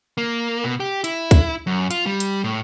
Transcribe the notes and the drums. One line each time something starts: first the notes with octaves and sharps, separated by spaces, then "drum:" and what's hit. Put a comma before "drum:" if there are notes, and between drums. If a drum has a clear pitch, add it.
A#3
B2
G4
E4, drum: hi-hat
drum: kick, hi-hat
F#2
F4, drum: hi-hat
G3
drum: hi-hat
A2